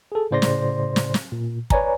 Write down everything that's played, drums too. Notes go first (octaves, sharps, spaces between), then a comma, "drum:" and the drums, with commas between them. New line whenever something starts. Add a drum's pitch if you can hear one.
G#4 A4
A2 C#3 C5 D5 C6 A#6
drum: snare
drum: snare
drum: snare
A#2
B4 C#5 D5 G#5 A#5, drum: kick